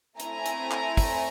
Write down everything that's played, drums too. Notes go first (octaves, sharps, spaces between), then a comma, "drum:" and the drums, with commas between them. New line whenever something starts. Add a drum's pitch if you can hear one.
A3 C4 E4 G#5 A#5, drum: hi-hat
drum: hi-hat
drum: clap
drum: kick, open hi-hat